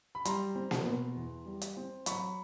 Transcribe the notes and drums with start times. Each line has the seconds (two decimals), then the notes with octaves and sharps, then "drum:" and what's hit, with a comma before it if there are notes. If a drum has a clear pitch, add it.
0.15 B5
0.25 G3 A#5 C6, drum: hi-hat
0.55 C4
0.71 drum: snare A#3
0.85 B2
1.16 E2
1.46 G3
1.61 drum: hi-hat
1.77 C4
2.06 F#3 B5 C#6, drum: hi-hat